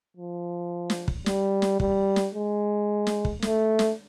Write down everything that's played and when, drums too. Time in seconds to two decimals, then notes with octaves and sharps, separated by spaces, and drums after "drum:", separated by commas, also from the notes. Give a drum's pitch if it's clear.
0.17 F3
0.90 drum: snare
1.08 drum: kick
1.26 G3, drum: snare
1.62 drum: snare
1.80 G3, drum: kick
2.16 drum: snare
2.35 G#3
3.07 drum: snare
3.25 drum: kick
3.42 A3, drum: snare
3.79 drum: snare